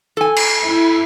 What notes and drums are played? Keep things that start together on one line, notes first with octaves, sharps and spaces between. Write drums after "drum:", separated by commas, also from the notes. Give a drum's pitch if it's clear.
A4 G#5
drum: cymbal
E4